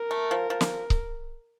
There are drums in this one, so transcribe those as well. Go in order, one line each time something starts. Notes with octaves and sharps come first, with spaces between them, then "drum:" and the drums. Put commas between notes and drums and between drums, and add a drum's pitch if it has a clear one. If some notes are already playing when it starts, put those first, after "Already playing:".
Already playing: A#4
A3
F3
F3
drum: snare
drum: kick C#1